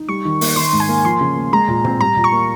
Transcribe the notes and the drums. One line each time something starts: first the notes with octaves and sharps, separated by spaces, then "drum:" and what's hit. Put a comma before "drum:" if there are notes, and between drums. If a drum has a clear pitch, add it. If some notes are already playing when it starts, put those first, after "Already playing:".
Already playing: D#4
G3 C#6
D#3
A#3, drum: open hi-hat
D#3 C6
G#2
G#5
A#3
F3 C6
C#3
A#3
G#3 A#5
A#2
C4, drum: tom
G3 A#5
A#2
C#6
A#3